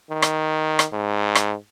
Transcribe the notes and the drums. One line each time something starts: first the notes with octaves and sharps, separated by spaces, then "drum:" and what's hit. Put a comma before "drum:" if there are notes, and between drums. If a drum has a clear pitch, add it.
D#3
drum: rim click
drum: rim click
G#2
drum: rim click